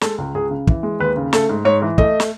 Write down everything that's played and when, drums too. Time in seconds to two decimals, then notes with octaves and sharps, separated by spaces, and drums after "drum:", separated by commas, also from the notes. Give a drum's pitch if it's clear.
0.01 G#3 A4, drum: snare
0.18 C#2
0.34 C#2 G#4
0.51 C#3
0.67 E3, drum: kick
0.83 G#3
1.00 D#2 B4
1.16 C#3
1.33 A3 A4, drum: snare
1.49 G#2
1.65 G#2 C#5
1.82 E3
1.98 A3 D#5, drum: kick
2.20 drum: snare